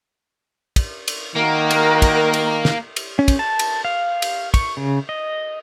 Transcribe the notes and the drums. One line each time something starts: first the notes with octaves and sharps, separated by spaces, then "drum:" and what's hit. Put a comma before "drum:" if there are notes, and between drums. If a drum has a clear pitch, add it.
drum: kick, cymbal
drum: cymbal
D#3 A#3 F#4 A#4
drum: cymbal
drum: kick, cymbal
drum: cymbal
drum: snare
drum: cymbal
C#4
drum: kick, cymbal
A5
drum: cymbal
F5
drum: cymbal
C#6, drum: kick, cymbal
C#3
D#5